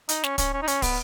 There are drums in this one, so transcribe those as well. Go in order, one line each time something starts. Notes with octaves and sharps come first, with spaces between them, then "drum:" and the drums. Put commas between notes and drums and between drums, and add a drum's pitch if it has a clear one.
D#4, drum: hi-hat
C#4, drum: snare
C#4, drum: kick, hi-hat
C#4
D#4
C#4, drum: hi-hat
B3, drum: kick, open hi-hat